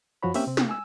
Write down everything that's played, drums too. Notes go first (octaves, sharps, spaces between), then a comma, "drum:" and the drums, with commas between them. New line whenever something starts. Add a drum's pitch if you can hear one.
F#2 F3 F#4 C#5 B5
A#3 C4 C#4 G4 E5 G5, drum: open hi-hat
C3 C4
drum: snare
G#5 E6